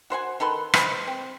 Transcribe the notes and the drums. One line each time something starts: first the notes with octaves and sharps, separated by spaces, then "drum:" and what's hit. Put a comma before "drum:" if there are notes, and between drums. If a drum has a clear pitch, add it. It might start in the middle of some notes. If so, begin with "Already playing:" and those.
F#4 C5 F#5 G#5
D#3 A4 B4 C6
G#3 B4 C5, drum: rim click
C4